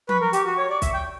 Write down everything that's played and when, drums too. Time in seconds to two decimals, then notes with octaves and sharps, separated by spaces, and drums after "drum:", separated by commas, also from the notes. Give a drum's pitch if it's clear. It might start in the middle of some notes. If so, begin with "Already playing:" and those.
0.09 B4 C#6, drum: tom F3
0.21 A#4
0.33 G4, drum: hi-hat
0.45 F#4
0.58 C#5
0.70 D5
0.82 E5, drum: kick, hi-hat
0.94 G5